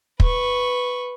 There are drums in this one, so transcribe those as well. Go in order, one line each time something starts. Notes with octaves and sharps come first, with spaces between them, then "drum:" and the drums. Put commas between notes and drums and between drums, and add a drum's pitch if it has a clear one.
B4 C#6, drum: kick